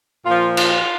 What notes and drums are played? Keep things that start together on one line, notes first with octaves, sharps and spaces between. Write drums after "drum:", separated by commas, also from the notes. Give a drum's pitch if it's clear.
A#2 F3 F4
F4, drum: cymbal